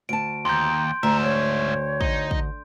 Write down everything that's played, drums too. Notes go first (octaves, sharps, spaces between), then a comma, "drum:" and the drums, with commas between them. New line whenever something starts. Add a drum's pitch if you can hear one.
D2 A5 D7
D#2 A#5 C6 G6
D2 G#2 E5 A#5
C#5
D#4, drum: kick
drum: kick